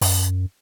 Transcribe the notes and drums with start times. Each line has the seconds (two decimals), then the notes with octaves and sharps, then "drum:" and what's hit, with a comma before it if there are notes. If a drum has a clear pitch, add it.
0.01 F#2, drum: open hi-hat